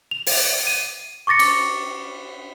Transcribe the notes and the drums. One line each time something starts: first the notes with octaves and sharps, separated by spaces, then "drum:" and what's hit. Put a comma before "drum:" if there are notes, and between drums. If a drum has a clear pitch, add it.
F7
drum: open hi-hat
D#7
C#6 D6 A6 A#6 C#7
drum: cymbal